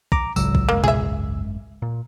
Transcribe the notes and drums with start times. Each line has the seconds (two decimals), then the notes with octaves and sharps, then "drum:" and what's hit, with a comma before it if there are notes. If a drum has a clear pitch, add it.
0.12 A#5 D6, drum: kick
0.36 G#1 C#2 A2 F#3 E6, drum: tambourine
0.55 drum: kick
0.69 G#1 F#2 G#3 A#3
0.84 G#4 E5, drum: tom B2
1.82 A#2